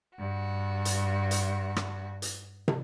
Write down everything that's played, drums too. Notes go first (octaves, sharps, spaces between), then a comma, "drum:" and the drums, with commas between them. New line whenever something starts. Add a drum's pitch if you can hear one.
G2 F#4
drum: hi-hat
drum: hi-hat
drum: rim click
drum: hi-hat
drum: tom